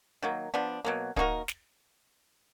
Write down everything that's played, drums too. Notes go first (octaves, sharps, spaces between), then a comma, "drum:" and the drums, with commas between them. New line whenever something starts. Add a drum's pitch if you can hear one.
D#3 F#3 A#3
F3 B3 D4
B2 F#3 A#3
A#3 D#4 F#4 A#4, drum: kick
drum: snare